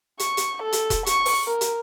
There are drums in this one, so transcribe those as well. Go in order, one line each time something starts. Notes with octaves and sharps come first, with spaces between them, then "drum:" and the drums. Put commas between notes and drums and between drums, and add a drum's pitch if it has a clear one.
C#6, drum: hi-hat
drum: hi-hat
A4
drum: hi-hat
drum: kick E1, hi-hat
C#6, drum: hi-hat
drum: open hi-hat
A#4
drum: hi-hat